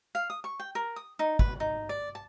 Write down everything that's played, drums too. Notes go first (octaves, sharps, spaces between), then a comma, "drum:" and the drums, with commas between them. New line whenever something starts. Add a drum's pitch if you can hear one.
F5
D#6
C#6
G5
A#4
D#6
D#4
B4, drum: kick
D#4
D5
A5